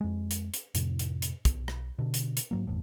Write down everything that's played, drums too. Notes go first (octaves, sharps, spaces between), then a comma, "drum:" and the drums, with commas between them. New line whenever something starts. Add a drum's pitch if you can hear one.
F2 G#3
drum: hi-hat
drum: hi-hat
F2 A2 C3, drum: hi-hat
drum: hi-hat
drum: hi-hat
B1, drum: kick, hi-hat
drum: rim click
B2 D3
drum: hi-hat
drum: hi-hat
G#2 F#3 A#3
F#1 E2 A2